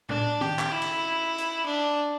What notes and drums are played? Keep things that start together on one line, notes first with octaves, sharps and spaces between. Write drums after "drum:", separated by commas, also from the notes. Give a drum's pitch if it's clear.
D4, drum: tom A2
G4, drum: tom
drum: clap
E4
drum: cymbal
drum: hi-hat
D4